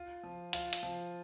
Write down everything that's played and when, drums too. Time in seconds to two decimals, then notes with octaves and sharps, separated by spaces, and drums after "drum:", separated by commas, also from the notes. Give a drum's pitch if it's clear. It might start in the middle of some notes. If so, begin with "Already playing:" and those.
Already playing: F4
0.23 F3
0.53 F4, drum: hi-hat
0.73 drum: hi-hat
0.83 F3